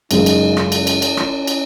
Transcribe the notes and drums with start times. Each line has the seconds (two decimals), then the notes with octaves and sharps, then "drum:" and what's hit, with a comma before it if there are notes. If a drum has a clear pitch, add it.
0.11 F#2 C#3 G#3 D#4, drum: cymbal
0.26 drum: cymbal
0.57 drum: rim click
0.72 C#4, drum: cymbal
0.87 drum: cymbal
1.02 drum: cymbal
1.17 drum: rim click
1.47 drum: cymbal